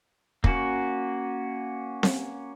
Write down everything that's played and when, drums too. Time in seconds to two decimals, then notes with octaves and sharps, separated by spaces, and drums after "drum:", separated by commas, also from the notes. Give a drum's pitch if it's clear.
0.44 A#3 C#4 F#4, drum: kick
2.03 drum: snare C4